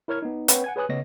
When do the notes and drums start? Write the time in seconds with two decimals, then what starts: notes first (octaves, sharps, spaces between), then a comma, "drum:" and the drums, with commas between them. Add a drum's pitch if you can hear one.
0.08 E4 A#4 C#5 F6 G#6
0.22 B3 D#4
0.48 C4 B4 C#5 F#5 G5, drum: hi-hat
0.64 F#5 G#5 G#6
0.76 G#4 B4 C#5 G#5 D#6 F#6
0.89 C#3 A3 B3 C#5 D#5 A#6